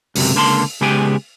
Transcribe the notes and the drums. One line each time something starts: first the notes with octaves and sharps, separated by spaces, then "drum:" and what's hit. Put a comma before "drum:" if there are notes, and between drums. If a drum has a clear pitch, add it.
C#2 F#2 A2 C3, drum: open hi-hat
C#2 D3 A#3 A5 C6
C#3 G#3 B3 G4 G5 G#5